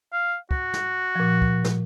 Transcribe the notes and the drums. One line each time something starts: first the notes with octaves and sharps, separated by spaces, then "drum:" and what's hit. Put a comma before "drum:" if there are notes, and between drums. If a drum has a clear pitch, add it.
F5
F#4, drum: kick
drum: snare
A#2 F3
drum: kick
drum: snare